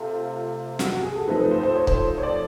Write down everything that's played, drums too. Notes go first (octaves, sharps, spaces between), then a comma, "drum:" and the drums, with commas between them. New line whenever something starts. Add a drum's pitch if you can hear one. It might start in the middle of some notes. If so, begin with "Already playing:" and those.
Already playing: C3 A3 F4
F#4, drum: snare
F#4
G#4
A4
F3 A3 C4 D#4 B4
B4
C5
C5
C#5
C5, drum: kick
C#5
D5